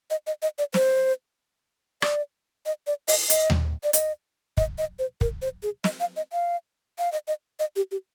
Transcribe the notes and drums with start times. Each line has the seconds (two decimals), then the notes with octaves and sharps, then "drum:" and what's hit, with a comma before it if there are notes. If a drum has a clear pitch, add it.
0.10 D#5
0.27 D#5
0.42 D#5
0.58 D5
0.74 C5, drum: snare
2.02 D5, drum: rim click
2.66 D#5
2.87 D5
3.08 D#5, drum: open hi-hat
3.30 D#5, drum: hi-hat
3.50 drum: tom D#2
3.83 D5
3.93 D#5, drum: hi-hat
4.57 D#5, drum: kick
4.78 D#5
4.99 C5
5.21 A#4, drum: kick
5.42 C5
5.63 G#4
5.84 D#5, drum: snare
6.00 F5
6.16 D#5
6.32 F5
6.99 F5
7.12 D#5
7.28 D#5
7.60 D#5
7.76 G4
7.91 G4